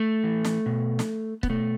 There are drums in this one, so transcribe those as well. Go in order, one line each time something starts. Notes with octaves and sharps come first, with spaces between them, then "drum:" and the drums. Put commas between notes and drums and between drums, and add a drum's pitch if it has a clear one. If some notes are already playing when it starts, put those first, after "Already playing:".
Already playing: A3
E3
drum: snare
B2
drum: snare
B3, drum: kick
B2 A3